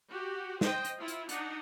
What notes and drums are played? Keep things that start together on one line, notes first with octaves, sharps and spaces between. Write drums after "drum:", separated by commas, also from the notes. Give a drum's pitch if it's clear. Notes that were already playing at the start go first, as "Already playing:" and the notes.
F#4 G4
C5 D#5 G5, drum: snare
drum: hi-hat
E4 F4
drum: hi-hat
D4 D#4 F#5, drum: hi-hat